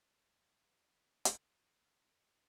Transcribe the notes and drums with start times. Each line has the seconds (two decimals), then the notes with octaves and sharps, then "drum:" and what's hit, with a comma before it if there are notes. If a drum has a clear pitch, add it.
1.25 drum: hi-hat
2.07 G2